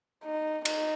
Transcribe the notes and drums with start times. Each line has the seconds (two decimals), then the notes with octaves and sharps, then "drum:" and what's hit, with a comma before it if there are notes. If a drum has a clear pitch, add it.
0.24 D#4
0.65 D#4, drum: cymbal